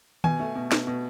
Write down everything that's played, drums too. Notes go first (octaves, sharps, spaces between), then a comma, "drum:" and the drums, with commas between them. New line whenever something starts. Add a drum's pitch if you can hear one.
B2 G#5, drum: tom D#3
A3
B2
B2, drum: snare
B2